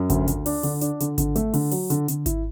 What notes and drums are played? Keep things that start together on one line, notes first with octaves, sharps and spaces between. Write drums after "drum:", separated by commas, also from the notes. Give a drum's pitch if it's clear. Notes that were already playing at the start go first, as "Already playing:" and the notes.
Already playing: F#2
D2, drum: kick G#1, hi-hat
D2, drum: hi-hat
D4, drum: open hi-hat
D3, drum: open hi-hat
D4, drum: hi-hat
D3, drum: hi-hat
D3, drum: kick G#1, hi-hat
A3, drum: hi-hat
D3, drum: open hi-hat
F#3, drum: open hi-hat
D3, drum: hi-hat
D3, drum: hi-hat
E4, drum: kick G#1, hi-hat